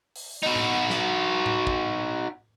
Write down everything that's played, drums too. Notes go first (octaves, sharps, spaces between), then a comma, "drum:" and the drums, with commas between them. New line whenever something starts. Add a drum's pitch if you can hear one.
drum: open hi-hat
D#4 F#4
drum: tom A2
drum: snare
drum: tom A2
drum: kick